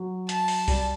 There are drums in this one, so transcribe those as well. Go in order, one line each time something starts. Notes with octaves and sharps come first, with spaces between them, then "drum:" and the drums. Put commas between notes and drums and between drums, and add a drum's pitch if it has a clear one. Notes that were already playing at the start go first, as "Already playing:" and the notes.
Already playing: F#3
A5, drum: hi-hat
drum: open hi-hat
G3, drum: kick C2, open hi-hat